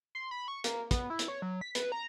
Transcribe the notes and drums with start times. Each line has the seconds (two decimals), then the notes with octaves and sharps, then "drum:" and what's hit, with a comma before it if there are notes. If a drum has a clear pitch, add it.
0.15 C6
0.31 B5
0.48 C#6
0.64 A#3, drum: hi-hat
0.91 B3, drum: kick, hi-hat
1.10 E4
1.19 drum: hi-hat
1.28 C#5
1.42 F#3
1.61 B6
1.75 B4, drum: hi-hat
1.92 A#5